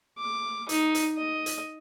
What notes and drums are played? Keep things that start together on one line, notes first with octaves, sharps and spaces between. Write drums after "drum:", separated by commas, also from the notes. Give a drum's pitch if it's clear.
D6
D#4, drum: hi-hat
drum: hi-hat
D#5
drum: hi-hat